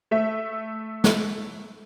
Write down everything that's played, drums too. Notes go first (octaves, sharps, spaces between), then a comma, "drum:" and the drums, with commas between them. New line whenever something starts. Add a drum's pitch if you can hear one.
A3 E5
drum: snare